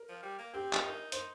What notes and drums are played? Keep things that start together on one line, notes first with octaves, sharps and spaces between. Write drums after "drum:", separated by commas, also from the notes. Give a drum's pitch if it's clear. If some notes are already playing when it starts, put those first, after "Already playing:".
Already playing: A#4
F3
G3
A#3
C4 G4
drum: clap
D#4 A#4
D#4 C5, drum: hi-hat